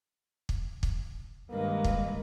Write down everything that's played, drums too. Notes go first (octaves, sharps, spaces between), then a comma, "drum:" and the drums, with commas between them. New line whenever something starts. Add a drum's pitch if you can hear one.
drum: kick
drum: kick
G2 D#3 G#3 A#3 A#4 B4 D#5
drum: kick